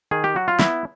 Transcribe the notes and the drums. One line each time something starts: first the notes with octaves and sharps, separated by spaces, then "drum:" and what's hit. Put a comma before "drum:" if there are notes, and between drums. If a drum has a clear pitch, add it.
D#3 G#4
G4
F#3 F#4
F4
B3 E4, drum: snare